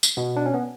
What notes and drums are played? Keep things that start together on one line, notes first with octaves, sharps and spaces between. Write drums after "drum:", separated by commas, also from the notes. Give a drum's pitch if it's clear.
drum: tambourine
B2 B3
D4
C#4
B3